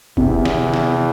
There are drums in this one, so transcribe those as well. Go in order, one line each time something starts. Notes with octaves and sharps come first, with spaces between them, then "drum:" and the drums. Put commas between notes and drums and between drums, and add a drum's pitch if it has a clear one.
E2 C3, drum: kick
drum: snare
drum: snare